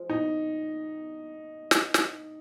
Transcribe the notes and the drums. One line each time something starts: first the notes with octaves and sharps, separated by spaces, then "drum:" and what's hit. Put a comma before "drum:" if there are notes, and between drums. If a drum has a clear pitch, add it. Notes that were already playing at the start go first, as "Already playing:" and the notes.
Already playing: F3 G#3
D#4
drum: snare
drum: snare